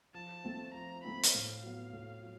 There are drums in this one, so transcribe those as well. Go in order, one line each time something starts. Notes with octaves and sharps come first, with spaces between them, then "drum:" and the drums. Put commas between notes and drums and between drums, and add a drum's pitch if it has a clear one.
F3 A5
A3 C4
F3 A#5
A3 C4 B5
drum: hi-hat
A2 F5
F#3 B3
A2
F#3